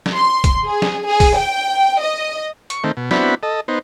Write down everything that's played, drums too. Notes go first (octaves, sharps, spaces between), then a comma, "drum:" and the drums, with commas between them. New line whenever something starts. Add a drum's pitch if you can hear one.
drum: snare
C6
drum: kick, hi-hat
G#4
drum: snare
G#4
drum: kick, open hi-hat
G5
D#5
C#6, drum: hi-hat
D#3 A3 C4
B2
B3 C4 D4 E4 F#4 B5, drum: snare
A4 D#5
B3 D#4 C5